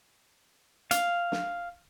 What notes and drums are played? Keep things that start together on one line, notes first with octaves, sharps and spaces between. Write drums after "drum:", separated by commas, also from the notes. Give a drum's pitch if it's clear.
F5, drum: hi-hat
drum: snare